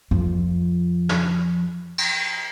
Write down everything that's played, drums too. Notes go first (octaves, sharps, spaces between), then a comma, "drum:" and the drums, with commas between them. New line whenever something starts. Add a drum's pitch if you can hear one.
F2 F3
drum: snare
drum: cymbal